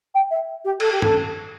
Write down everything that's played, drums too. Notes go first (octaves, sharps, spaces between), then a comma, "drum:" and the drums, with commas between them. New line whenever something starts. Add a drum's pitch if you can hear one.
G5
E5
G4
A4, drum: cymbal
G4
A4, drum: tom